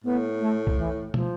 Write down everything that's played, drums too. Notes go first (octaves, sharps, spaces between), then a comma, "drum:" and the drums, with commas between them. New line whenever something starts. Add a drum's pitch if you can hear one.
A2 B3
A3
drum: kick B1
E3
F3, drum: tom